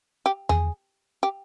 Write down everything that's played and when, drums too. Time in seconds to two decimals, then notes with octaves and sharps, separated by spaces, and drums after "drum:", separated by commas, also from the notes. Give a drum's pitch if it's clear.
0.26 G4
0.49 G#4, drum: tom E2
1.23 G4